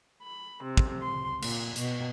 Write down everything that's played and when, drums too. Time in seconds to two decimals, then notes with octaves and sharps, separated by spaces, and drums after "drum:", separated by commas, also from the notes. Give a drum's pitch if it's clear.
0.24 B5
0.63 C3
0.77 drum: kick
1.02 C6
1.42 A#2, drum: cymbal
1.76 B2, drum: hi-hat